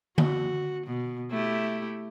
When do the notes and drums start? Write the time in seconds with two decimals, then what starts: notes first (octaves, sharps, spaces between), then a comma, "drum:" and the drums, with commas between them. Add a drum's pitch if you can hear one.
0.18 F#4, drum: tom D3
0.87 B2
1.31 A3 E4 G4